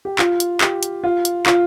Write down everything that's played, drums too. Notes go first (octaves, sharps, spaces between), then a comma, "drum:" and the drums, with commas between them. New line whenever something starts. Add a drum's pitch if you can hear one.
G4
F4, drum: clap
drum: hi-hat
G4, drum: clap
drum: hi-hat
F4
drum: hi-hat
F4, drum: clap